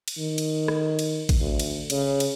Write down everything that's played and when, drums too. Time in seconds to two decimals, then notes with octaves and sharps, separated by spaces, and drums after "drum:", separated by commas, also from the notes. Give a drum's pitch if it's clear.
0.08 drum: cymbal
0.18 D#3
0.38 drum: cymbal
0.68 drum: rim click
0.99 drum: cymbal
1.29 drum: kick A1, cymbal
1.40 D2
1.59 drum: cymbal
1.90 C#3, drum: cymbal
2.20 drum: cymbal